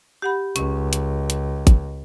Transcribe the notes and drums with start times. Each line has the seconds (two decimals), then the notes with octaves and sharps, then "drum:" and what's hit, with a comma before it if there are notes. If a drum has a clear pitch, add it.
0.22 G4 F#5 B5
0.56 C#2 C#4, drum: hi-hat
0.93 drum: hi-hat
1.30 drum: hi-hat
1.67 drum: kick, hi-hat